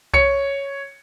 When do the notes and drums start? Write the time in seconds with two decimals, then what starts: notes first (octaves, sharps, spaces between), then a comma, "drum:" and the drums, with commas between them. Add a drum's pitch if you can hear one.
0.14 C#5 C#7, drum: kick B1